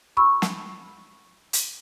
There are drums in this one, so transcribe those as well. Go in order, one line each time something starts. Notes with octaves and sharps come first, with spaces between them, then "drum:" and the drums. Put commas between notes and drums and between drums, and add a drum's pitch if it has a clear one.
B5 C#6 E6
drum: snare
drum: hi-hat